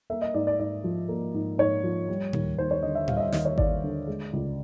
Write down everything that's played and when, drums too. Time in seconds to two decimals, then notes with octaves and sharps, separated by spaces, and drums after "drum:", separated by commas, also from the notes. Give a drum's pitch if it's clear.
0.10 A#3 E5
0.22 D#5
0.34 G#2 D5
0.47 D5
0.59 G#2 D5
0.84 F3
1.09 A#3
1.34 G#2
1.58 G#2 C#5
1.84 F3
2.09 G3
2.33 D#2, drum: tom A2
2.58 D#2 C5
2.71 C#5
2.83 D3 D#5
2.95 E5
3.08 G3 F5, drum: tom A2
3.17 D#5
3.20 E5
3.32 D#2 D#5, drum: snare
3.45 C#5
3.58 D#2 D5, drum: kick G#1
3.83 D3
4.07 G#3
4.33 C#2